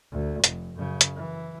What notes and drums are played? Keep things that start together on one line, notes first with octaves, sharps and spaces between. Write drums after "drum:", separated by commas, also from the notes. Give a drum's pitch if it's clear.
D2
F1, drum: hi-hat
F#2 C#3
drum: hi-hat
E3